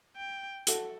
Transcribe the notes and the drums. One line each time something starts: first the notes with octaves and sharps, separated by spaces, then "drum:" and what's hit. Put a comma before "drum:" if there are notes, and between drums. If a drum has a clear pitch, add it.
G5
F#4 A4, drum: hi-hat